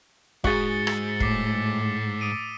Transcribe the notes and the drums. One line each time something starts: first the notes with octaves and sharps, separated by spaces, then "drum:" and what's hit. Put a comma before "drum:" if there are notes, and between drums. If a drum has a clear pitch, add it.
G#2 F#4 G#4 A6 C#7 G7, drum: kick
E6, drum: rim click
A2 D6 B6 C7, drum: kick
D#6 D7 D#7